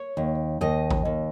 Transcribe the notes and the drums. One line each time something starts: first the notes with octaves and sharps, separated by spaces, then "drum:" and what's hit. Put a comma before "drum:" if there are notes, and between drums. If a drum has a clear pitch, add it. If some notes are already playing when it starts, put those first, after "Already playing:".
Already playing: C#5
D#2
D#2 D#5
drum: kick A1
D#2